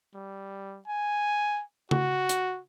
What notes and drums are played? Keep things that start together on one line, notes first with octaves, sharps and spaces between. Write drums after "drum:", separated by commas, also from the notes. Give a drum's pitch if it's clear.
G3
G#5
F#4, drum: tom C#3
drum: hi-hat